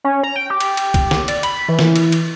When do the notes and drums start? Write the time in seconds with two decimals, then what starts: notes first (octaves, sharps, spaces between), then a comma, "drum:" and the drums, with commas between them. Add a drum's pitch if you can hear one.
0.04 C#4
0.24 A#5
0.36 G5
0.50 G4
0.60 drum: cymbal
0.77 drum: cymbal
0.94 drum: kick, cymbal
1.11 drum: snare
1.28 D5, drum: cymbal
1.43 B5, drum: cymbal
1.69 E3
1.79 drum: snare
1.96 drum: cymbal
2.12 drum: cymbal